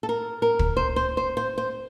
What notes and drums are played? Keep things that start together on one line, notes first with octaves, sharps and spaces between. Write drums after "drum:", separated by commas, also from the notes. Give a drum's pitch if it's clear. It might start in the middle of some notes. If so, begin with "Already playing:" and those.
A4
A#4
A#4
drum: kick
C5
C5
C5
C5
C5